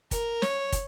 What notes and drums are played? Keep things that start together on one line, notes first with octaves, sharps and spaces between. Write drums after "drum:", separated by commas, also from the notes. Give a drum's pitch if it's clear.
A#4, drum: kick, hi-hat
C#5, drum: snare
drum: kick, hi-hat